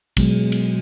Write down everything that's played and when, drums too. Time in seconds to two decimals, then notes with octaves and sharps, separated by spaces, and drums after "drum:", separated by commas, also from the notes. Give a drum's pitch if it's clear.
0.17 B2 F#3 G#3, drum: kick, cymbal
0.52 drum: cymbal